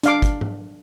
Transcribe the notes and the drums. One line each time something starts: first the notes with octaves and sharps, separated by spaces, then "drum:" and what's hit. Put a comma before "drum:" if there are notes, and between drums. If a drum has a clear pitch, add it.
D4 F5 D6, drum: hi-hat
drum: kick, hi-hat
drum: tom G#2